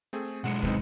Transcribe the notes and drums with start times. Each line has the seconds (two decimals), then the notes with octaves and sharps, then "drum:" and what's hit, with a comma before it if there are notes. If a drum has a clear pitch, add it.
0.13 A3 C4 G#4
0.44 B1 G#3 F#5 C#7
0.63 B3 C4 D#4, drum: kick